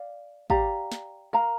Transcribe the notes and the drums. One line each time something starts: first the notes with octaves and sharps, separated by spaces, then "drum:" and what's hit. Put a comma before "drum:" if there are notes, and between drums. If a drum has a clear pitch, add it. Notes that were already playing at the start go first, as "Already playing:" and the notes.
Already playing: D5 F5
G4 D5 F5 A#5, drum: kick
drum: snare
A#4 F5 A#5